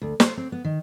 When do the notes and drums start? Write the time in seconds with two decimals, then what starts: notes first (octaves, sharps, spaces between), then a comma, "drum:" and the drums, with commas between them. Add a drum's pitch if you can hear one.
0.02 D2
0.20 C5, drum: snare
0.37 C4
0.52 B3
0.65 D#3